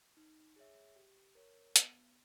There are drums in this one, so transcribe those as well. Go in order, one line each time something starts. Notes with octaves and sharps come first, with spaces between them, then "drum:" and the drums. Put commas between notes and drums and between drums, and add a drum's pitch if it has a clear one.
D#4
G#4 C#5 E5
G4
A#4 C#5
B3, drum: hi-hat